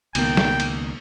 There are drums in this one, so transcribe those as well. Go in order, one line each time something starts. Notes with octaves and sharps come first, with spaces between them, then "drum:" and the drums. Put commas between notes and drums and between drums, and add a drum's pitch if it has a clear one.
C#2 B2 D#3 A#3 G5, drum: cymbal
drum: snare
drum: cymbal